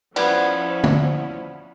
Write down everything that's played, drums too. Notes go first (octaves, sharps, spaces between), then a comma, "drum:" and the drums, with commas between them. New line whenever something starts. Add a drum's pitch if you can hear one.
F3 G3 B3 C#4 E4 D5 F#5 G#6, drum: cymbal
drum: tom